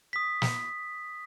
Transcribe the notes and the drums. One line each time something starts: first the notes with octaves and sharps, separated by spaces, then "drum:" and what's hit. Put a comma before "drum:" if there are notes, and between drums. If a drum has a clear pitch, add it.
D#6 B6
drum: snare